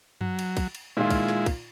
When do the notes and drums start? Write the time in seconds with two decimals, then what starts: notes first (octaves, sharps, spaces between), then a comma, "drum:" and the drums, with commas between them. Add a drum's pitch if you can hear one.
0.21 F#3, drum: tom F#2
0.39 drum: cymbal
0.57 drum: kick, cymbal
0.75 drum: cymbal
0.97 A#2 D#3 G#3 E4 F4
1.10 drum: kick, cymbal
1.28 drum: snare
1.46 drum: kick, cymbal